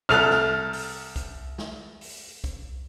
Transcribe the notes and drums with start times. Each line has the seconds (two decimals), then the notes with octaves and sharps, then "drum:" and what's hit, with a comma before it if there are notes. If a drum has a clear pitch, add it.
0.09 C2 A4 F6 F#6 F7
0.30 drum: snare
0.73 drum: open hi-hat
1.16 drum: kick, hi-hat
1.58 drum: snare
2.01 drum: open hi-hat
2.44 drum: kick, hi-hat